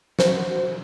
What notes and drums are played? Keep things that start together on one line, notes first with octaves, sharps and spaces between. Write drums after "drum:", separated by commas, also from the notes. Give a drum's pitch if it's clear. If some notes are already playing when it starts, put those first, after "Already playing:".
F#4 C5, drum: snare